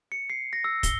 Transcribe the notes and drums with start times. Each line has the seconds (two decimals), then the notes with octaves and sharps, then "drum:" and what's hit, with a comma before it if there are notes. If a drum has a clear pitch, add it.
0.12 C#7
0.30 C7
0.53 A#6
0.64 E6
0.83 G7, drum: kick, hi-hat